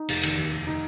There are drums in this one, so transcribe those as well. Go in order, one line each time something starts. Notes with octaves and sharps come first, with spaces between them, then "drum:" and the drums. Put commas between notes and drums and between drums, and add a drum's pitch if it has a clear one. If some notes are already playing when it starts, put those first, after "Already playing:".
Already playing: D#4
F1, drum: cymbal
D#3, drum: cymbal
D#2
F1
D#3 D#4